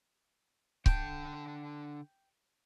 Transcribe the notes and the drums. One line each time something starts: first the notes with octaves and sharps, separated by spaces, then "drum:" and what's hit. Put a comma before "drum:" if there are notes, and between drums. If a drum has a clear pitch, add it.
D3 G5 A5, drum: kick C#1